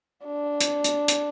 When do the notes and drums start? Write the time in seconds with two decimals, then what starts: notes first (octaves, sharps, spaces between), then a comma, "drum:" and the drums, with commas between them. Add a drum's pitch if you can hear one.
0.25 D4
0.61 drum: hi-hat
0.84 drum: hi-hat
1.08 drum: hi-hat